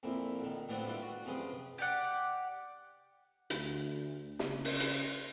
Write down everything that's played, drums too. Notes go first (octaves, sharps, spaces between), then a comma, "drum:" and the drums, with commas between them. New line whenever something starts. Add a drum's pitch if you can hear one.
F2 A#2 F3 E4
A#1 D#3
A2 D3 F#3 B3 C4 F4
D3 G3 E4 F4 B4
F#4
F#2 C3 F3 C#4 G#4 B4
G4 D5 F#5
D2, drum: hi-hat
C#3, drum: snare
drum: open hi-hat
drum: hi-hat